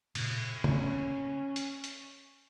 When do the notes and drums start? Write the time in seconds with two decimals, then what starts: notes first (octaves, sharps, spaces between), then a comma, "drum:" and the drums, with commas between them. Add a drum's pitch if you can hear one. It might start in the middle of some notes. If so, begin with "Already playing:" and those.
0.15 A#2 C#3, drum: cymbal
0.64 A#3 B3 C#4, drum: tom
1.56 drum: hi-hat
1.84 drum: hi-hat